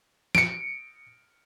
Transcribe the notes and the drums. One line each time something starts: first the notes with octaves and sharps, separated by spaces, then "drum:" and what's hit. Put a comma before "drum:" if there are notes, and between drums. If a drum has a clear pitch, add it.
C#7 D7, drum: snare